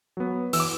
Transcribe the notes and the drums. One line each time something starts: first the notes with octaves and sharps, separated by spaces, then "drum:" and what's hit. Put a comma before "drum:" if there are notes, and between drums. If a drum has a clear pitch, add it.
F#3 B3
E3 E6, drum: open hi-hat
D6